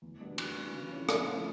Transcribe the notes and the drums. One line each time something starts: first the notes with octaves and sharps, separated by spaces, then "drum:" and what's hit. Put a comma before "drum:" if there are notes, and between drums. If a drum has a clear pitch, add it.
E2
B2 G3 B3 D4
E2, drum: cymbal
B2 G3 B3 D4
C#3
F3 A3 C#4 E4
C#3, drum: rim click
F3 A3 C#4 E4